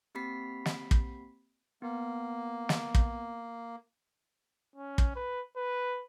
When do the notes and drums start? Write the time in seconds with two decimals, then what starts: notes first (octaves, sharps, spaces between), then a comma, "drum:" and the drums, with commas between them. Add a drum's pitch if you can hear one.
0.15 A#3 C4 G4 B5 B6 C7
0.66 drum: snare
0.91 drum: kick
1.82 A#3 B3
2.69 drum: snare
2.95 drum: kick
4.76 C#4
4.98 drum: kick
5.16 B4
5.57 B4